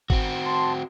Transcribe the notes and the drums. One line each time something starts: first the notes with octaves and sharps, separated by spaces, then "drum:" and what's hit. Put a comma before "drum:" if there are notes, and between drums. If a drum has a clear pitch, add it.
C4 F#4, drum: kick
A5 C6